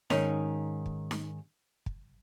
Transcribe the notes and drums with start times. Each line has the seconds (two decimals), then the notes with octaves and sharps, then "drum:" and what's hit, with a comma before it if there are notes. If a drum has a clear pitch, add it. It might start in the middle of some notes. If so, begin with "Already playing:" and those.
0.10 G#2 D#3 C#4 D#4 A#5, drum: snare D#4
0.86 drum: kick
1.11 drum: snare D#4
1.86 drum: kick